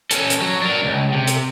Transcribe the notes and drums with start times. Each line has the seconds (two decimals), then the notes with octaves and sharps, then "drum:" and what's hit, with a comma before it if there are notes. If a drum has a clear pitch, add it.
0.11 C#4 A4, drum: hi-hat
0.30 drum: hi-hat
0.42 F#3
0.62 D4 A#4
0.85 C#2
1.12 C3
1.27 drum: hi-hat